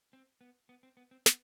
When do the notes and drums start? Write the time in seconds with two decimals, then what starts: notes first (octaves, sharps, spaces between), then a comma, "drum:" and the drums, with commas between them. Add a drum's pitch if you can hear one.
0.13 C4
0.41 B3
0.69 B3
0.83 C4
0.97 B3
1.11 C4
1.26 B3, drum: snare